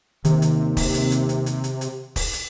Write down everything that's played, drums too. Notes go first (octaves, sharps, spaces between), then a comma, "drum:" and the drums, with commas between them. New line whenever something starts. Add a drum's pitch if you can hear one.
D#2 C3 D#3, drum: hi-hat
drum: hi-hat
drum: kick, open hi-hat
drum: hi-hat
drum: hi-hat
drum: hi-hat
drum: hi-hat
drum: hi-hat
drum: hi-hat
drum: kick, open hi-hat
drum: hi-hat